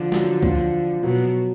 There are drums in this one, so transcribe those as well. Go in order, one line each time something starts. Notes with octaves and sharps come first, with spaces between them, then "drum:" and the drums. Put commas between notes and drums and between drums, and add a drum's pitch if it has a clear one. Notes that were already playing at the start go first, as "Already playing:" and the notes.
Already playing: D3 F3
F#3, drum: snare
F3, drum: kick C2
B2 F#3